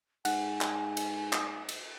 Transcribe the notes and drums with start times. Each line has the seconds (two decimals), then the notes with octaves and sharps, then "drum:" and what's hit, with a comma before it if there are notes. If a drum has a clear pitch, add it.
0.25 G#2 F#5 G#5, drum: cymbal
0.61 drum: clap
0.97 drum: cymbal
1.33 drum: clap
1.69 drum: cymbal